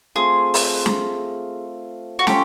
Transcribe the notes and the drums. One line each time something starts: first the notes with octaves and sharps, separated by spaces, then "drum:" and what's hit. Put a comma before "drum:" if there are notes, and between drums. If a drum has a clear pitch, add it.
A3 C4 F4 G#4
drum: open hi-hat
drum: snare
F#4
C#4 F4 G4 A4, drum: snare